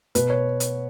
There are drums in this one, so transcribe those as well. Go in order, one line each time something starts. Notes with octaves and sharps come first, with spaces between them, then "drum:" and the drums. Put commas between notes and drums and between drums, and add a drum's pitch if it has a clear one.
B2 B4, drum: hi-hat
C#5
drum: hi-hat